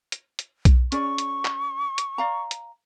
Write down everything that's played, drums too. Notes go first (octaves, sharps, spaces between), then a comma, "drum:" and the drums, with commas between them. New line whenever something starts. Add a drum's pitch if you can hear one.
drum: hi-hat
drum: hi-hat
drum: kick B1, hi-hat
C#4 G#4 D5 C#6, drum: hi-hat
drum: hi-hat
drum: clap
drum: hi-hat
D5 F5 A#5
drum: hi-hat